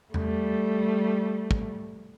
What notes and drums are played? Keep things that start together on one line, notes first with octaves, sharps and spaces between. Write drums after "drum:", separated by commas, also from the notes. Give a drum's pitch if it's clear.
G3 A3, drum: tom E2
drum: kick